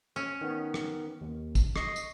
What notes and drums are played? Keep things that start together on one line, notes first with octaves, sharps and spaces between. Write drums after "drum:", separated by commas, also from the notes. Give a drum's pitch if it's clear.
C#4
D#3 B3
drum: rim click
D#2
drum: kick, tambourine
D#5 C#6 C7, drum: rim click
drum: tambourine